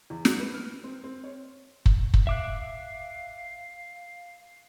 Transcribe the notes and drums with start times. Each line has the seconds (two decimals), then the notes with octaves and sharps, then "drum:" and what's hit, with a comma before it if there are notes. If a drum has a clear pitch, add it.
0.10 E2
0.25 G#2, drum: snare
0.40 B4
0.54 F6
0.84 C4
1.04 C4
1.24 C#5
1.86 drum: kick
2.14 drum: kick
2.27 E5 F5 D6 F#6